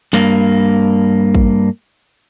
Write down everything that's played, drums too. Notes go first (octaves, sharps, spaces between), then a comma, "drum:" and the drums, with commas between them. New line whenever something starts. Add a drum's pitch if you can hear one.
G2 A#3, drum: snare
drum: kick